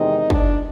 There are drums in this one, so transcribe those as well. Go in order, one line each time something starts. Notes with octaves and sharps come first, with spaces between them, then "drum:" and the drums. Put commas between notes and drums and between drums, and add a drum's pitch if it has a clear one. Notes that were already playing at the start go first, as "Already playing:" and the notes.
Already playing: E2 C3 D#3 G#3 C4 D#4 D#5
D4 D5, drum: kick